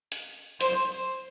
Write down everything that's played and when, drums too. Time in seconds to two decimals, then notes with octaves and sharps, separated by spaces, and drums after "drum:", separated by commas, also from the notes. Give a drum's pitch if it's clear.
0.12 drum: hi-hat
0.61 C5, drum: hi-hat